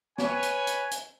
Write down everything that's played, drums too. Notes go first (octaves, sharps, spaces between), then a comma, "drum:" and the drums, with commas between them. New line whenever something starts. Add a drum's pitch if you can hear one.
B4 C#5 G#5, drum: snare
drum: hi-hat
drum: hi-hat
drum: hi-hat